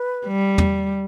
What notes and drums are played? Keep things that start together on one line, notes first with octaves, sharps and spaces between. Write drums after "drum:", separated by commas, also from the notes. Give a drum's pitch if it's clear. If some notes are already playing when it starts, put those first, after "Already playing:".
Already playing: B4
G3
drum: tom E2